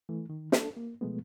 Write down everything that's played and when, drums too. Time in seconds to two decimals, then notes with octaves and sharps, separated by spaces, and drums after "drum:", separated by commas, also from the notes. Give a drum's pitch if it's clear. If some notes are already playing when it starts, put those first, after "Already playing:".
0.09 E3 A3
0.30 D#3
0.52 D4 A4, drum: snare
0.77 A#3
1.01 B2 F3 G#3 A3 B3